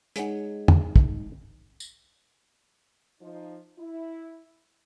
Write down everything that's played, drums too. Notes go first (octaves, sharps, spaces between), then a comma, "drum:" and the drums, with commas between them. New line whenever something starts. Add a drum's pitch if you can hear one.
G#3 D#4 G#4 C#5 F#5, drum: hi-hat
drum: tom
drum: kick
drum: tambourine
F3 D#4
E4